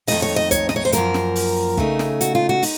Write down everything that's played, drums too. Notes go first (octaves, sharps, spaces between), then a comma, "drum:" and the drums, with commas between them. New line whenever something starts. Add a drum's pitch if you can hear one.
F2 D#3 A3 D#4 D#5, drum: open hi-hat
C#5
D#5
C#5, drum: kick, hi-hat
D#5, drum: snare
C#5
C5
F#2 F3 A#3 A#4, drum: hi-hat
drum: snare
drum: open hi-hat
C#3 A3 D#4, drum: kick
drum: snare
F#4, drum: hi-hat
F4
F#4
D#4, drum: open hi-hat